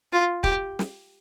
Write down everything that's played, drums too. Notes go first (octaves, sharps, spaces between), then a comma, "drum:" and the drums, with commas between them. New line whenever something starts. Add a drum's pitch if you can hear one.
F4
G4, drum: kick
drum: snare